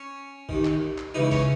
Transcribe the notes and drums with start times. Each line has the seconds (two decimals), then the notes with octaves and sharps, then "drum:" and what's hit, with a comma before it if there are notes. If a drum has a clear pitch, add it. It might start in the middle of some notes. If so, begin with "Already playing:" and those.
Already playing: C#4
0.49 D#2 D#3, drum: kick A#1
0.65 drum: clap
0.98 drum: clap
1.14 C#2 C#3 E3 D#4
1.31 C#4, drum: kick A#1, open hi-hat